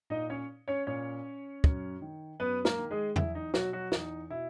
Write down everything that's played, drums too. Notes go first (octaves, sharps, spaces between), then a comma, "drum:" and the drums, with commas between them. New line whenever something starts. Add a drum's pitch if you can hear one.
A#2 D#4 D#5
C#4 C#5
C#4 C#5
A#2 C#4 C#5
F#2, drum: kick
D#3
F#2 B3 B4
A#3 A#4, drum: snare
D#3
G#3 G#4
E2 E4, drum: tom E2
D#4
B2 F#3 F#4, drum: snare
F#3 F#4
E2 D#4, drum: snare
B2 E4